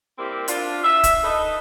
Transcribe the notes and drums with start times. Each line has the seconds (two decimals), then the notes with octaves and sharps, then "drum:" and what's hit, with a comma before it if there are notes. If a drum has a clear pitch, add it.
0.18 G3 A#3 C4 E4 G4
0.48 D4 F4, drum: hi-hat
0.82 E5
1.04 drum: kick, hi-hat
1.23 D#4 A4 B4 D#5